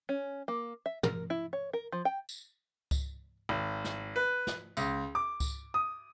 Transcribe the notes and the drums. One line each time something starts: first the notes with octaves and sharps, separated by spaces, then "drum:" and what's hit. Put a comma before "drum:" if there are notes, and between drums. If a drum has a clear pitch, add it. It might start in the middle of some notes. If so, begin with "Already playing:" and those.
C#4
A#3
E5
A#4, drum: tom
E4
C#5
A#4
F3
G5
drum: tambourine
drum: kick C#2, tambourine
G#1
drum: snare
B4
drum: snare
C#2, drum: tambourine
D6
drum: kick C#2, tambourine
D#6